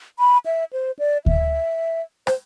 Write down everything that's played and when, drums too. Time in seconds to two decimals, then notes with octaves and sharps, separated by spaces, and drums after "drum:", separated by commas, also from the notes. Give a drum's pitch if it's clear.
0.19 B5
0.46 E5
0.73 C5
0.99 D5
1.26 E5, drum: kick D2
2.27 C5, drum: rim click